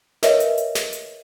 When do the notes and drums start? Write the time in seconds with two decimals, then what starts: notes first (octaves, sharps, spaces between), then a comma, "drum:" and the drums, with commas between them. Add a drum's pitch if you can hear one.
0.23 A#4 B4 C#5 D#5 E5, drum: snare
0.40 drum: hi-hat
0.58 drum: hi-hat
0.75 drum: snare
0.93 drum: hi-hat